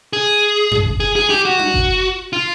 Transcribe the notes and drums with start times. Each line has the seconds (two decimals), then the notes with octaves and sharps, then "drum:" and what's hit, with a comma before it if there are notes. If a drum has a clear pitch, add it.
0.13 G#4
0.71 drum: tom F#2
0.86 drum: kick F#1
1.00 G#4
1.16 G#4
1.30 G4
1.45 F#4
1.59 drum: tom D4
1.74 drum: kick F#1
2.33 F4